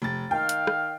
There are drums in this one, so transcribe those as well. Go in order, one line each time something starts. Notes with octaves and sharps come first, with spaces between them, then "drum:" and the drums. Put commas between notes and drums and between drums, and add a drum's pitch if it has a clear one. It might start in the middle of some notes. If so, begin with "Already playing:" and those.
F1 A6
D#3 F5 G5
drum: hi-hat
drum: rim click